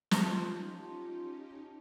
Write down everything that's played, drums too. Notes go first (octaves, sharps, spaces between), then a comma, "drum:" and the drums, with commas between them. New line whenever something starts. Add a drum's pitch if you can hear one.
C#4 D#4 F4 G4 A5 C6 G6, drum: snare